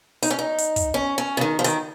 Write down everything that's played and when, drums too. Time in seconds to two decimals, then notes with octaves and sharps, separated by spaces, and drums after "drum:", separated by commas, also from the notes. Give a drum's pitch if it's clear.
0.23 D#4, drum: hi-hat
0.31 C#4
0.39 D#4
0.58 drum: hi-hat
0.76 drum: kick, hi-hat
0.94 C#4
1.18 C#4
1.37 C#3
1.41 D#3
1.59 F3
1.64 D#3, drum: hi-hat